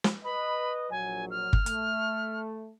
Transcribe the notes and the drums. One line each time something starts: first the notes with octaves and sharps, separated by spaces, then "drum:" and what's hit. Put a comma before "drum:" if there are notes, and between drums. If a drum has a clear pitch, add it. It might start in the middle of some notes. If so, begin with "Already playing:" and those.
drum: snare
B4 D#5 B5
A#1 F#3 G#5
F6
drum: kick G1
A3, drum: hi-hat